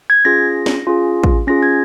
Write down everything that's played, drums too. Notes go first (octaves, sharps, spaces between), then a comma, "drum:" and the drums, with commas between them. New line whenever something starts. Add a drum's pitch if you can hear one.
G#6
C#4 F4 G#4 A#6
drum: snare
C#4 F4 G#4
drum: kick
C#4 F4 G#4 A#6
G#6